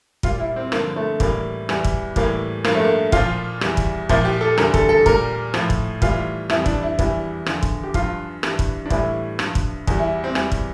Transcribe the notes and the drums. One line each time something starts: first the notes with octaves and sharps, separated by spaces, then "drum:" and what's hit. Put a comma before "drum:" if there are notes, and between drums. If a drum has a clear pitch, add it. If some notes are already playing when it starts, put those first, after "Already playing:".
A#2 G3 F4, drum: kick
E4
C4
G2 D3 F3 A#3, drum: rim click
A3
A2 E3 G3 A#3, drum: kick
E2 E3 G3, drum: rim click
drum: kick
A2 E3 G3 A#3, drum: kick
G2 F3 A#3, drum: rim click
A3
A#3
A#2 F3 F4, drum: kick
E2 E3 G3, drum: rim click
drum: kick
A#2 F3 E4, drum: kick
G4
A4
E2 D3 G3 A#4, drum: rim click
A4, drum: kick
A4
A#2 G3 A#4, drum: kick
A2 F3, drum: rim click
drum: kick
A2 E3 G3 F4, drum: kick
F2 E3 G3 E4, drum: rim click
D4, drum: kick
E4
E2 E3 G3 E4, drum: kick
E2 D3 F3, drum: rim click
drum: kick
G4
G2 F3 F4, drum: kick
G2 E3 G3, drum: rim click
drum: kick
D4
A2 E3 G3 E4, drum: kick
G2 F3, drum: rim click
drum: kick
E2 E3 G3, drum: kick
E4
C4
E2 E3 G3, drum: rim click
drum: kick